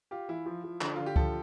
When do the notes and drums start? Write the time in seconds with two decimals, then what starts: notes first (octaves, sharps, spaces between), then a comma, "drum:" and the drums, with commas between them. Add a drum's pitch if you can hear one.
0.11 F4 G4
0.28 E3 E4
0.46 F3
0.64 F3
0.81 D3, drum: clap
0.96 D3 F4
1.06 G4
1.16 F3 A4, drum: kick C#2